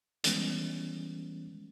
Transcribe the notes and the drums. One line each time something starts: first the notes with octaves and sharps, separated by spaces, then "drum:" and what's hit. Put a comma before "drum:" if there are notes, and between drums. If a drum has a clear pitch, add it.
D#3 E3 G3 G#3 B3 C#4, drum: hi-hat